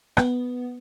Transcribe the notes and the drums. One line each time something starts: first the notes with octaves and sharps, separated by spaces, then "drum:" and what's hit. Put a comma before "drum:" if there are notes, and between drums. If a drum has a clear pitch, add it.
B3, drum: rim click